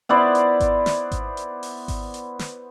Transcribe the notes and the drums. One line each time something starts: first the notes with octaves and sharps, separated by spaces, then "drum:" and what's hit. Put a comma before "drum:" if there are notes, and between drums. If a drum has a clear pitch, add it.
B3 E4 C5 D5
drum: hi-hat
drum: kick G#1, hi-hat
drum: snare
drum: kick G#1, hi-hat
drum: hi-hat
drum: open hi-hat
drum: kick G#1, open hi-hat
drum: hi-hat
drum: snare